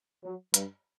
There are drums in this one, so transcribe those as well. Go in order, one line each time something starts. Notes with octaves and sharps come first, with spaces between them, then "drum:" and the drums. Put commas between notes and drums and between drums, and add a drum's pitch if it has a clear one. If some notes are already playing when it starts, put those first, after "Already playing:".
F#3
G2, drum: hi-hat